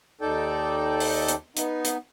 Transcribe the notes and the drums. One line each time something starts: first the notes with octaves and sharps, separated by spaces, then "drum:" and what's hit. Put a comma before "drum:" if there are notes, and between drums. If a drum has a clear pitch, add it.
D#2 D#4 A4 D5 G5
drum: open hi-hat
drum: hi-hat
B3 D#4, drum: hi-hat
drum: hi-hat